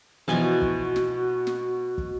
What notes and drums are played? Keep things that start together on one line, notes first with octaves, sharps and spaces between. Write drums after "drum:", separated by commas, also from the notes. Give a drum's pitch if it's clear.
B2 E3 F3 F#4 G#5 A5
drum: kick
drum: snare
drum: snare
drum: kick